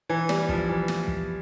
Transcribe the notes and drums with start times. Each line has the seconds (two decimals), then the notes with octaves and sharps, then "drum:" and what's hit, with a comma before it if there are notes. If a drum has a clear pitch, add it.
0.09 E3
0.29 G3, drum: snare
0.49 F3, drum: kick
0.68 E3
0.88 drum: snare
1.08 drum: kick